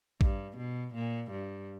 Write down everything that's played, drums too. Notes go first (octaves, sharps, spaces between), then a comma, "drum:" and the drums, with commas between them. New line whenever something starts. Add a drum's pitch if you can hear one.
G2, drum: kick
B2
A#2
G2